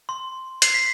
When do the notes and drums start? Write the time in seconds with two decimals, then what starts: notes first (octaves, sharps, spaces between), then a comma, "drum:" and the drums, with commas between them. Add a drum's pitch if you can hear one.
0.09 C6
0.62 C7, drum: hi-hat
0.74 B6